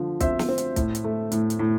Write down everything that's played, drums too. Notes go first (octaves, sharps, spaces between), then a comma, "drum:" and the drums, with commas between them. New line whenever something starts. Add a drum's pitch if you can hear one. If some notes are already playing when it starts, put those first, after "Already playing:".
Already playing: D3 F3
C4 C5 E5, drum: kick, hi-hat
drum: snare
C4
drum: hi-hat
A2, drum: kick, hi-hat
drum: hi-hat
A3
A2, drum: hi-hat
drum: hi-hat
A2